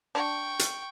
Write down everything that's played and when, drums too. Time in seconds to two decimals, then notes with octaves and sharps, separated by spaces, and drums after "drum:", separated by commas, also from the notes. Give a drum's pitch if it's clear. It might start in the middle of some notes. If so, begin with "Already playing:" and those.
0.15 D4 G5 C#6
0.59 drum: hi-hat